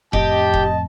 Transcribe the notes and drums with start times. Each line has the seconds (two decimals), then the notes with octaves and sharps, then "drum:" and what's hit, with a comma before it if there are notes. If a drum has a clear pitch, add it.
0.13 F2 A2 C4 G4 D#5 A5, drum: kick E1
0.54 drum: kick E1